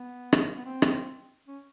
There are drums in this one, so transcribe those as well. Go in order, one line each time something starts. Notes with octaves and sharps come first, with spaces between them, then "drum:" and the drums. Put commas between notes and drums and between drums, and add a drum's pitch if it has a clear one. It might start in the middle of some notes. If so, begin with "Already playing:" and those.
Already playing: B3
drum: rim click
B3
C4
drum: rim click
C#4